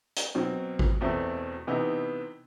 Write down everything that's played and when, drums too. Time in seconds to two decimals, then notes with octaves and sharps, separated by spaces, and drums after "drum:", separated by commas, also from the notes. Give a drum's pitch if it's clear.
0.16 drum: hi-hat
0.35 B2 F#3 C4
0.79 drum: kick G#1
1.01 E2 B2 A3 C4
1.67 C3 E3 B3 D#4